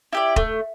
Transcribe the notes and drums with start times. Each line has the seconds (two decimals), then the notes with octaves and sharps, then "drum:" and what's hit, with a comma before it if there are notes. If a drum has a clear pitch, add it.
0.13 E4 G4 D5
0.36 A3, drum: kick